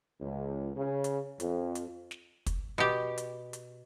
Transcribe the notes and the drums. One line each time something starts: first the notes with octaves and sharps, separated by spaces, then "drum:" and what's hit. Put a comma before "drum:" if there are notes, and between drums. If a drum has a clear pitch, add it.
C#2
C#3
drum: hi-hat
F2, drum: hi-hat
drum: hi-hat
drum: snare
drum: kick, hi-hat
B2 G4
drum: hi-hat
drum: hi-hat